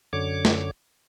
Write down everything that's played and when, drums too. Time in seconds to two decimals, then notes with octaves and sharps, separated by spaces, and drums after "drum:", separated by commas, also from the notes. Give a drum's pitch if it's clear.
0.13 F#2 D3 C#5 D6
0.45 drum: snare